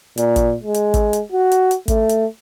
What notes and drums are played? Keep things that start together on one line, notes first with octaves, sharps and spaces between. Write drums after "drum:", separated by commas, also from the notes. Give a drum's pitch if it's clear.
A#2, drum: hi-hat
drum: kick, hi-hat
G#3
drum: hi-hat
drum: kick, hi-hat
drum: hi-hat
F#4
drum: hi-hat
drum: hi-hat
A3, drum: kick, hi-hat
drum: hi-hat